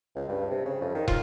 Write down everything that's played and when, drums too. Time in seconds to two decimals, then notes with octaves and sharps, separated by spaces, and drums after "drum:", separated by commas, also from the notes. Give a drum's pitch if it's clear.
0.15 C#2
0.29 G2
0.50 C3
0.65 C#3
0.81 F2
0.95 D#3
1.08 F4, drum: kick